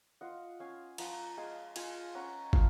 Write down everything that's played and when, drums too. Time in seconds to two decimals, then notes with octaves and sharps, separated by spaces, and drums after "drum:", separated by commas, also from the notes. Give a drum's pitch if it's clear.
0.21 F4 D#5 F#5
0.60 C#4 F5 G#5
0.98 F3 F#5 A#5, drum: cymbal
1.37 G#3 F5 G#5
1.76 F4 F5 G#5, drum: cymbal
2.15 C#4 F#5 A#5
2.53 F3 F5 G#5, drum: kick